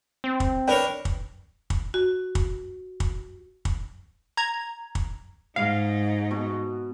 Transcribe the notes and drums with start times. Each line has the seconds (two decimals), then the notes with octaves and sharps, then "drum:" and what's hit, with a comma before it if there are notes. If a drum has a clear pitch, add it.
0.24 C4
0.40 drum: kick
0.68 D4 A#4 B4 C#5 G5
1.05 drum: kick
1.70 drum: kick
1.94 F#4
2.35 drum: kick
3.00 drum: kick
3.65 drum: kick
4.37 A#5 G#6
4.95 drum: kick
5.56 G#2 D#4 F5
6.31 B2